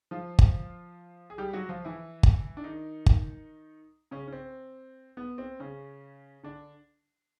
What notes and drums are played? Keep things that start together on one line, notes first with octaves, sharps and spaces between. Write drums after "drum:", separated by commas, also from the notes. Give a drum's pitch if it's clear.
F3 F4
drum: kick G1
G#4
G3 G4
F#3 F#4
F3 F4
E3 E4
drum: kick G1
D4
D#3 D#4
drum: kick G1
C#3 C#4
C#4
C4
B3
C4
C#3 C#4
D3 D4